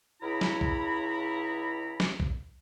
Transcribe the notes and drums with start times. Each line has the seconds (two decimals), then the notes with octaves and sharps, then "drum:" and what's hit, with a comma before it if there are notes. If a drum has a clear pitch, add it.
0.22 C#2 E4 A#5 B5
0.41 drum: snare
0.61 drum: kick A#1
2.00 drum: snare
2.20 drum: kick A#1